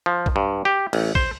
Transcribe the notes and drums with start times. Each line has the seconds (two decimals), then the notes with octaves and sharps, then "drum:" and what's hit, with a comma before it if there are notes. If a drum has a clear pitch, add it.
0.06 F3
0.26 drum: kick
0.36 G2
0.65 G4
0.93 A1, drum: cymbal
1.15 C5, drum: kick